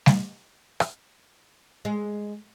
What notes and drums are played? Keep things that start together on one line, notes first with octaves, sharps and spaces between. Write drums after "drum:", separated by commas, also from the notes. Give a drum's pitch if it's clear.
drum: snare G3
drum: rim click
G#3